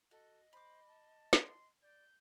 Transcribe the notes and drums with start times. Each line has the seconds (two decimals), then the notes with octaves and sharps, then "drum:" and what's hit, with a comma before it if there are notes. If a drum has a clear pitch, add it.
0.11 F#4 A4 D#5
0.53 C5 B5 D6
0.87 A5
1.33 C6, drum: snare
1.82 D5 G6